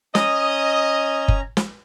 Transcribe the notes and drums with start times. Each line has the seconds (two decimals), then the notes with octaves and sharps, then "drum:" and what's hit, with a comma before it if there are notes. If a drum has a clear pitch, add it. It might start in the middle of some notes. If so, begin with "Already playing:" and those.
0.15 C#4 D#5 A#5, drum: snare
1.28 drum: kick F#1
1.57 drum: snare